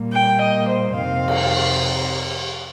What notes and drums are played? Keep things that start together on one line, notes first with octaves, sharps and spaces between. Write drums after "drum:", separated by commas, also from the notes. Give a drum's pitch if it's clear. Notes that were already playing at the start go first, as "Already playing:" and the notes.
Already playing: A#2 G3 A#3
G5
D#5
C5
F2 C3 D#3 C4 F5
drum: cymbal